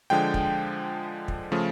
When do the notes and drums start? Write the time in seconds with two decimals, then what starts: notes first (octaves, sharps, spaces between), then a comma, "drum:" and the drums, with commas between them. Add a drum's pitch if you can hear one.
0.10 D3 F3 G#3 G5
0.34 drum: kick
1.28 drum: kick
1.52 C#3 F3 A3